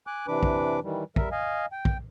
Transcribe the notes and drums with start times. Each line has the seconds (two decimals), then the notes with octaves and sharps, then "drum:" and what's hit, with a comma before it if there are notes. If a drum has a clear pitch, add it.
0.07 G#5 D6 F#6
0.28 C3 E3 D4 B4 D6
0.43 drum: kick
0.83 D#3 E3 G3
1.16 G3 A#4 E5, drum: kick
1.32 D#5 F5 G#5
1.72 G5
1.85 drum: kick